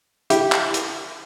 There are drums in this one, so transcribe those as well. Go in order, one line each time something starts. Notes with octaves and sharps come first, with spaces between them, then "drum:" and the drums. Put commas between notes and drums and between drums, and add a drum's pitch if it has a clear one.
E4 G4, drum: hi-hat
drum: clap
drum: hi-hat